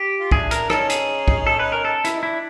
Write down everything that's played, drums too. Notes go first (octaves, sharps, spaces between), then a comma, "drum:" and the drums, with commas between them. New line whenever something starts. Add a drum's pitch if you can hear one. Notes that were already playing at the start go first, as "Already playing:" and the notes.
Already playing: G4
F4
D4 E4 G#4, drum: kick
A#4, drum: hi-hat
C#4 D#4 A4, drum: rim click
G#4, drum: hi-hat
drum: kick
A4
B4
A#4
A4
E4, drum: hi-hat
D#4
D4 E4